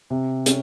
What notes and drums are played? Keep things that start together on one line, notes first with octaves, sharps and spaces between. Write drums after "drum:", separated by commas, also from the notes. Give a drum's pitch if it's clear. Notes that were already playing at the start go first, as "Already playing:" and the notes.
C3
C#4, drum: hi-hat